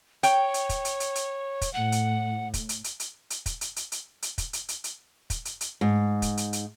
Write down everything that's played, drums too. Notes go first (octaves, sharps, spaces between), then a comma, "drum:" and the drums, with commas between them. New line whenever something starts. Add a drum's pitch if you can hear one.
C#5 G5, drum: hi-hat
drum: hi-hat
drum: kick, hi-hat
drum: hi-hat
drum: hi-hat
drum: hi-hat
drum: kick, hi-hat
A2 F#5
drum: hi-hat
drum: kick, hi-hat
drum: hi-hat
drum: hi-hat
drum: hi-hat
drum: hi-hat
drum: kick, hi-hat
drum: hi-hat
drum: hi-hat
drum: hi-hat
drum: hi-hat
drum: kick, hi-hat
drum: hi-hat
drum: hi-hat
drum: hi-hat
drum: kick, hi-hat
drum: hi-hat
drum: hi-hat
G#2
drum: kick, hi-hat
drum: hi-hat
drum: hi-hat